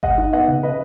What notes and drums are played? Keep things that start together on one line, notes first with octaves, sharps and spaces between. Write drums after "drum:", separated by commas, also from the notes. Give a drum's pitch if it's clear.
G#3 D#5 F#5, drum: kick G1
D#4
B3 D#5 F#5
C#3
C#3 B4 D#5